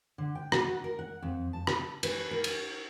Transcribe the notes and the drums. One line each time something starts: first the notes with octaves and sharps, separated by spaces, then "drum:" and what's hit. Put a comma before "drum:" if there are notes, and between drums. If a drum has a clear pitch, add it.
D3
G5
F#4, drum: rim click
A#4
F#5
F2
A5
drum: rim click
B4, drum: cymbal
A#4
drum: cymbal